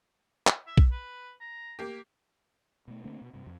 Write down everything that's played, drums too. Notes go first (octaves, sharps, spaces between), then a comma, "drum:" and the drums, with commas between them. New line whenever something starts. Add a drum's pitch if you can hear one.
drum: clap
E5
drum: kick B1
B4
A#5
A#3 G4
B2 A3
D3 A3 A#3 C4
B2
G2 C3
F2